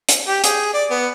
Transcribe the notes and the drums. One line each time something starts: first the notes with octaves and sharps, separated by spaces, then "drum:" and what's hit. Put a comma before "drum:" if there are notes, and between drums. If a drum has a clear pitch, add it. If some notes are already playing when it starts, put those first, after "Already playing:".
drum: hi-hat
G4
G#4, drum: hi-hat
D5
B3